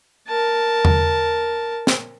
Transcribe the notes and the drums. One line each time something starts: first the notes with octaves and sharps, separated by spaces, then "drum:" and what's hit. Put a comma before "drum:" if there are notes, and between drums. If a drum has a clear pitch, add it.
A#4 A5
drum: tom E2
drum: snare